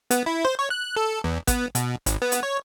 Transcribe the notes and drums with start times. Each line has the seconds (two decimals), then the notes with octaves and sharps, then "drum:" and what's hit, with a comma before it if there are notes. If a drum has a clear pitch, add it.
0.11 B3, drum: hi-hat
0.26 E4
0.45 C5
0.59 C#5
0.70 F#6
0.97 A4
1.24 E2
1.47 B3, drum: kick, hi-hat
1.75 B2, drum: hi-hat
2.06 G#1, drum: hi-hat
2.22 B3
2.32 drum: hi-hat
2.43 C#5